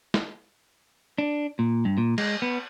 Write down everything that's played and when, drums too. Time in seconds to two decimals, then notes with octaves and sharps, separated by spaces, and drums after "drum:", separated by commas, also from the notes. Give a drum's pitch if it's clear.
0.14 drum: snare
1.18 D4
1.59 A#2
1.85 G2
1.98 A#2
2.18 G#3, drum: cymbal
2.42 B3